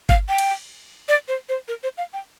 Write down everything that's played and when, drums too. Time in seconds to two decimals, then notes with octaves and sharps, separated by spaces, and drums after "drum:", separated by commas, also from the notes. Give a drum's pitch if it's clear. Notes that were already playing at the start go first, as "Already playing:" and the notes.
0.09 F5, drum: kick G1
0.29 G5
0.38 drum: cymbal
1.08 D5
1.28 C5
1.49 C5
1.68 A#4
1.83 C5
1.98 F5
2.13 G5